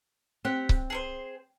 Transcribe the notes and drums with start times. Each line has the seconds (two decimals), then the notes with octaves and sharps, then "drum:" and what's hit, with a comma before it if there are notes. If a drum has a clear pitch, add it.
0.45 C4 G4 F#5
0.69 drum: kick C#1
0.90 G#4 A4 C5